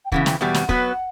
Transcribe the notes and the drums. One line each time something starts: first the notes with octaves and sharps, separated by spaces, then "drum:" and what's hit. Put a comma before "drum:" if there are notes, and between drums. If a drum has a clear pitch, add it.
G5
E2 C#3 E3 F#5, drum: kick
G5, drum: snare
E2 B2 G3 F#5
drum: snare
F#3 B3 F#4 B4, drum: kick